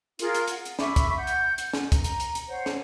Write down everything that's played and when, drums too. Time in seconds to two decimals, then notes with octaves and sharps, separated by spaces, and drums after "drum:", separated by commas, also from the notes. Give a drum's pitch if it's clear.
0.19 F4 G#4 A#4, drum: hi-hat
0.35 drum: hi-hat
0.48 F#5, drum: hi-hat
0.65 drum: hi-hat
0.79 E5 B5 C#6 D6, drum: snare
0.96 drum: kick, hi-hat
1.17 F#5 G6
1.27 drum: hi-hat
1.58 drum: hi-hat
1.73 drum: snare
1.92 A#5, drum: kick, hi-hat
2.04 drum: hi-hat
2.20 drum: hi-hat
2.35 drum: hi-hat
2.48 C5 C#5 F#5
2.66 drum: snare